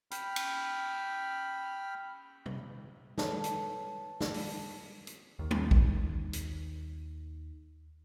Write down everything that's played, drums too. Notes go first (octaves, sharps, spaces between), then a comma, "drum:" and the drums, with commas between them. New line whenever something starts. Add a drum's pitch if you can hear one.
G5 B5 F6, drum: hi-hat
drum: cymbal
drum: tom C3
A4 B4 C#5 A5, drum: snare
drum: hi-hat
drum: snare
drum: open hi-hat
drum: hi-hat
D#2 D#3
drum: tom G3
drum: kick
drum: hi-hat